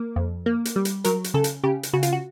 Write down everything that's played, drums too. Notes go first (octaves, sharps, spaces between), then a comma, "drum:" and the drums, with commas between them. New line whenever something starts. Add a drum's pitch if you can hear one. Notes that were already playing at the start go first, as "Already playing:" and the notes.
Already playing: A#3
F2
A#3
drum: hi-hat
G3
drum: hi-hat
F#3 A#4, drum: hi-hat
drum: hi-hat
C#3 A4
drum: hi-hat
C#3 G4
drum: hi-hat
C#3 F#4
F4, drum: hi-hat
F#4